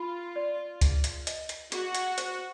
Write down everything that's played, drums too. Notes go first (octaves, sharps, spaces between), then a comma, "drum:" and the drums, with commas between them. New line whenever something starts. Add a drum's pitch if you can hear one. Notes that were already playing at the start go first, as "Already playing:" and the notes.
Already playing: F4 B5
D5
G#4, drum: kick C#2, hi-hat
drum: hi-hat
D#5, drum: hi-hat
drum: hi-hat
F#4 G#4, drum: hi-hat
drum: hi-hat
C5, drum: hi-hat